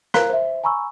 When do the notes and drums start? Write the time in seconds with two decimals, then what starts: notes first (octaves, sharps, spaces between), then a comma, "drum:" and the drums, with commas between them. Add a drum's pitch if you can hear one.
0.14 A#4 C5 F5 A#5 F#6, drum: rim click
0.30 C5 E5
0.64 G#5 A#5 B5 C#6 E6